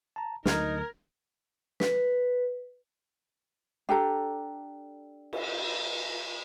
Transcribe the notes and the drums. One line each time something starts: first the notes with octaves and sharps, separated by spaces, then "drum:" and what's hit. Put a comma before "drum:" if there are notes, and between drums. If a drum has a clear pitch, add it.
A5 A#5
D2 F#3 D#4 A#4 F6 G#6, drum: snare
B4, drum: snare
D4 G4 A4 A#5
drum: cymbal